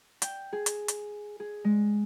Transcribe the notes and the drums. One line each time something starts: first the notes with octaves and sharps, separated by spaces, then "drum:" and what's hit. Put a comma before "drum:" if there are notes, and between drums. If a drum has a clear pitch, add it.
G5, drum: hi-hat
G#4
drum: hi-hat
drum: hi-hat
G#4
G#3